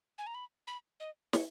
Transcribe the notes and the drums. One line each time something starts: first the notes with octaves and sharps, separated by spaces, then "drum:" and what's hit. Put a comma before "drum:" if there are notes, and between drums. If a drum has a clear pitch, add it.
G#5
A#5
B5
B5
D#5
C#5, drum: snare